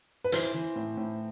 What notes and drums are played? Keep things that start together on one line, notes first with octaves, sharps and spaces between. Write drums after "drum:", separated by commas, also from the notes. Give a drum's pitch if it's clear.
B4
E3 C5, drum: hi-hat
E3
A2
A2